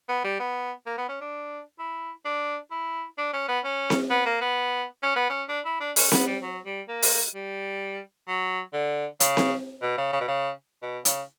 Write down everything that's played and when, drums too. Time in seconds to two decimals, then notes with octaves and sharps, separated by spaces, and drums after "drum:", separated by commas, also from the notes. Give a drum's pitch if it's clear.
0.09 B3
0.24 G3
0.39 B3
0.86 A#3
0.98 B3
1.09 C#4
1.21 D4
1.79 E4
2.25 D4
2.71 E4
3.18 D4
3.33 C#4
3.48 B3
3.64 C#4
3.90 drum: snare C4
4.10 B3
4.26 A#3
4.41 B3
5.03 C#4
5.16 B3
5.30 C#4
5.49 D4
5.65 E4
5.80 D4
5.96 C#4, drum: open hi-hat
6.12 B3, drum: snare C4
6.27 G3
6.42 F#3
6.65 G3
6.88 A#3
7.02 drum: open hi-hat
7.35 G3
8.27 F#3
8.73 D3
9.20 C#3, drum: hi-hat
9.37 drum: snare C4
9.82 B2
9.98 C#3
10.13 C#3
10.20 B2
10.28 C#3
10.82 B2
11.05 C#3, drum: hi-hat